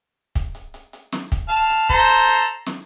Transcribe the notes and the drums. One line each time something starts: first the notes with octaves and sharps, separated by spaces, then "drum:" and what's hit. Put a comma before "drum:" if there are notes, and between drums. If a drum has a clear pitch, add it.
drum: kick, hi-hat
drum: hi-hat
drum: hi-hat
drum: hi-hat
drum: snare
drum: kick, hi-hat
F5 A5, drum: hi-hat
drum: hi-hat
A4 C5 A#5, drum: kick, hi-hat
drum: hi-hat
drum: hi-hat
drum: snare